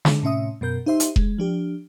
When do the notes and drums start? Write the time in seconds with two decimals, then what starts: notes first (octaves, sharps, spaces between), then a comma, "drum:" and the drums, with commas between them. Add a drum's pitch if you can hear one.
0.05 D3, drum: snare
0.23 A2 C3 C#4 E5 D#6
0.61 F#2 B2 A#4 G6
0.86 D#4 G4 C5 E5 C6
1.00 drum: hi-hat
1.16 G#3, drum: kick E1
1.38 F3 D4 G4